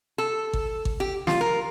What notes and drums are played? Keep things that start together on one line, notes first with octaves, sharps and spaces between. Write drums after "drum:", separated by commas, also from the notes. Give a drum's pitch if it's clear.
A4
drum: kick G#1
drum: kick G#1
G4
F4, drum: snare
A#4